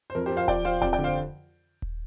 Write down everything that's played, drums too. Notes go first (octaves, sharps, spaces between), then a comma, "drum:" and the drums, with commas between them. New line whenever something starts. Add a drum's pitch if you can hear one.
C5
F2 A#4
G4 C5
F3
C5 F5
F3 D5 G5, drum: kick D#1
F3 C5 F5
F2 D5 G5, drum: kick D#1
D5 G5
D3
C5 F5
drum: kick D#1